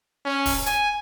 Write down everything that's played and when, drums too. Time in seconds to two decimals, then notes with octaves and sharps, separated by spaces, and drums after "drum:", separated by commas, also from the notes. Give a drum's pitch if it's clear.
0.25 C#4
0.46 drum: kick, open hi-hat
0.66 G#5, drum: hi-hat